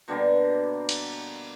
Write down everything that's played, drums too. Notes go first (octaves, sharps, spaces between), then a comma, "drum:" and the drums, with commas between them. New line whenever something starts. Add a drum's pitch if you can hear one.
B2 D3 G3 A#3
drum: cymbal